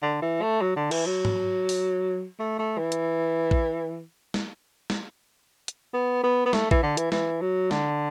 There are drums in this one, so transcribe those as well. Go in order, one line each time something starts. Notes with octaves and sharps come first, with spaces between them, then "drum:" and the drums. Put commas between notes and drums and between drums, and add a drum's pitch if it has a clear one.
D3
E3
A3
F#3
D3
E3, drum: cymbal
F#3
drum: tom G#2
drum: open hi-hat
A3
A3
E3
drum: hi-hat
drum: kick A#1
drum: snare
drum: snare
drum: hi-hat
B3
B3
B3
A3, drum: snare
E3, drum: kick A#1
D3
E3, drum: hi-hat
E3, drum: snare
F#3
D3, drum: snare